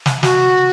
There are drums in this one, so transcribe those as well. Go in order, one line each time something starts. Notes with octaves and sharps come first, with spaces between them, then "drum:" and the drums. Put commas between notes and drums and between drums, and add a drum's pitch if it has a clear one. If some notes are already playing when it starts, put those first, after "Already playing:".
drum: snare
F#4, drum: snare